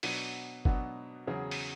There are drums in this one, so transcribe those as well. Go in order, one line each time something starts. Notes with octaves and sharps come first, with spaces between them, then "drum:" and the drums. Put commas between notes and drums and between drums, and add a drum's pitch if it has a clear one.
B2 F#3 B3 D4, drum: open hi-hat
B2 F#3 B3 D4, drum: kick
E2 C#3 F#3 C#4 G#4
drum: open hi-hat